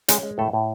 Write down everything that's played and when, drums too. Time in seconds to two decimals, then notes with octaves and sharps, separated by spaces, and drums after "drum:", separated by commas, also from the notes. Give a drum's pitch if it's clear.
0.08 G#3 C#4 G#4, drum: hi-hat
0.23 G#3
0.38 A2 A3 A4
0.53 A2